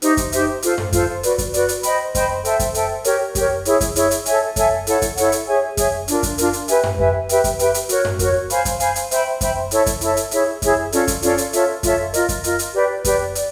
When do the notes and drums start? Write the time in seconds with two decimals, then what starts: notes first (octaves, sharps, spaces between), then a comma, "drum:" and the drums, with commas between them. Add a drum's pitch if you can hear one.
0.02 D#4 G4 C5 E5, drum: hi-hat
0.17 drum: kick F#2, hi-hat
0.32 D#4 G4 C5 E5, drum: hi-hat
0.62 F4 A4 C5 F5, drum: hi-hat
0.78 drum: tom F#2
0.93 F4 A4 C5 F5, drum: kick F#2, hi-hat
1.23 F#4 B4 D5, drum: hi-hat
1.38 drum: kick F#2, hi-hat
1.54 F#4 B4 D5, drum: hi-hat
1.69 drum: hi-hat
1.83 C5 D#5 G5 B5, drum: hi-hat
2.15 C5 D#5 G5 B5, drum: kick F#2, hi-hat
2.45 A4 C5 E5 G5, drum: hi-hat
2.59 drum: kick F#2, hi-hat
2.75 A4 C5 E5 G5, drum: hi-hat
3.04 G4 A#4 C#5, drum: hi-hat
3.35 G4 A#4 C#5, drum: kick F#2, hi-hat
3.65 E4 G#4 C#5, drum: hi-hat
3.81 drum: kick F#2, hi-hat
3.96 E4 G#4 C#5, drum: hi-hat
4.11 drum: hi-hat
4.26 A4 C#5 E5 G#5, drum: hi-hat
4.56 A4 C#5 E5 G#5, drum: kick F#2, hi-hat
4.87 E4 A4 C#5 F#5, drum: hi-hat
5.02 drum: kick F#2, hi-hat
5.17 E4 A4 C#5 F#5, drum: hi-hat
5.32 drum: hi-hat
5.47 G#4 C#5 E5 G#5
5.77 G#4 C#5 E5 G#5, drum: kick F#2, hi-hat
6.08 D4 F4 A#4, drum: hi-hat
6.23 drum: kick F#2, hi-hat
6.38 D4 F4 A#4, drum: hi-hat
6.53 drum: hi-hat
6.68 G4 B4 E5 G#5, drum: hi-hat
6.84 drum: tom F#2
6.99 G4 B4 E5 G#5, drum: kick F#2
7.29 G4 B4 E5 G5, drum: hi-hat
7.44 drum: kick F#2, hi-hat
7.59 G4 B4 E5 G5, drum: hi-hat
7.74 drum: hi-hat
7.89 F#4 A#4 C#5, drum: hi-hat
8.05 drum: tom F#2
8.19 F#4 A#4 C#5, drum: kick F#2, hi-hat
8.50 C5 F5 G#5 B5, drum: hi-hat
8.65 drum: kick F#2, hi-hat
8.80 C5 F5 G#5 B5, drum: hi-hat
8.96 drum: hi-hat
9.11 C5 E5 G5 B5, drum: hi-hat
9.41 C5 E5 G5 B5, drum: kick F#2, hi-hat
9.71 E4 A4 C#5 E5, drum: hi-hat
9.86 drum: kick F#2, hi-hat
10.01 E4 A4 C#5 E5, drum: hi-hat
10.17 drum: hi-hat
10.31 E4 G#4 C#5 E5, drum: hi-hat
10.62 E4 G#4 C#5 E5, drum: kick F#2, hi-hat
10.92 C#4 F4 A4 D5, drum: hi-hat
11.08 drum: kick F#2, hi-hat
11.22 C#4 F4 A4 D5, drum: hi-hat
11.38 drum: hi-hat
11.53 F4 A4 C#5 E5, drum: hi-hat
11.83 F4 A4 C#5 E5, drum: kick F#2, hi-hat
12.14 F4 A#4 D#5, drum: hi-hat
12.29 drum: kick F#2, hi-hat
12.44 F4 A#4 D#5, drum: hi-hat
12.59 drum: hi-hat
12.74 G4 B4 D5 G5
13.05 G4 B4 D5 G5, drum: kick F#2, hi-hat
13.35 D5, drum: hi-hat